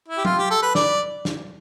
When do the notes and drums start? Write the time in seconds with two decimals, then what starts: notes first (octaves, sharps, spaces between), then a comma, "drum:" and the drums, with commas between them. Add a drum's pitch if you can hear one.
0.08 E4
0.18 G4
0.25 F4, drum: tom F#3
0.38 G4
0.50 A4
0.63 B4
0.75 D5, drum: snare
1.25 drum: snare